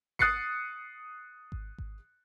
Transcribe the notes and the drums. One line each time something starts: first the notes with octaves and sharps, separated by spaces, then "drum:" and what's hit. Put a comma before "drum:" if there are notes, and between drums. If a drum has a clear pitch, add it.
D#6 F#6 A6 C7 C#7, drum: kick G#1
drum: kick G#1
drum: kick G#1